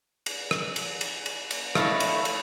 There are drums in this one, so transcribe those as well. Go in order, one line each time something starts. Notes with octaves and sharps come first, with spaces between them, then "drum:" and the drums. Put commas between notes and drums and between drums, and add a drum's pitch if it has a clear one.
drum: cymbal
drum: rim click
drum: cymbal
drum: cymbal
drum: cymbal
drum: cymbal
A3 D4 E4 C#5 D#5 F5, drum: rim click
drum: cymbal
drum: cymbal